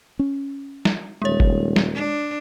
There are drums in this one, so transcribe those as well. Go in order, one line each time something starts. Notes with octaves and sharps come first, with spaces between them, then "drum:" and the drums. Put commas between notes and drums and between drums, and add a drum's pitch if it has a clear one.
C#4
drum: snare
D#1 G#3 C#5
drum: kick F#1
drum: snare
D4